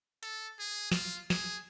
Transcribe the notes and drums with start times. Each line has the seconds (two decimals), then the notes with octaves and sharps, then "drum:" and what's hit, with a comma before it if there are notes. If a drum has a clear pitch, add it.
0.23 A4, drum: hi-hat
0.59 G#4
0.92 F4, drum: snare
1.30 G#4, drum: snare